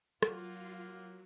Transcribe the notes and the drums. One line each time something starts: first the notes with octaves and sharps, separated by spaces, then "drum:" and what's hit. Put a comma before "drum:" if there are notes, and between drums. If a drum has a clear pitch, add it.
F#3 A#3 F4 F#5, drum: rim click